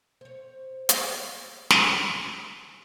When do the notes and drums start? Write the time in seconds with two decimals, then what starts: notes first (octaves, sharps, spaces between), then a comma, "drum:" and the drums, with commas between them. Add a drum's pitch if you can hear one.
0.21 C5 C#5
0.89 drum: hi-hat
1.70 drum: snare